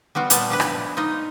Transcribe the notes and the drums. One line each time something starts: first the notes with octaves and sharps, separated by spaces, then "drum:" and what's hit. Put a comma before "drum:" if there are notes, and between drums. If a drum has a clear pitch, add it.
G3 B3 F4 F#4
A#2 G3 B3 B4 A5, drum: hi-hat
F3 D4 B4
drum: rim click
D#4 F4 D#5